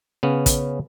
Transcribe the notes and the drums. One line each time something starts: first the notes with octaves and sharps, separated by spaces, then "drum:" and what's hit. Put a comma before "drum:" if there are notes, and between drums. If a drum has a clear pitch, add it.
C#3 B3 C#4
drum: kick, hi-hat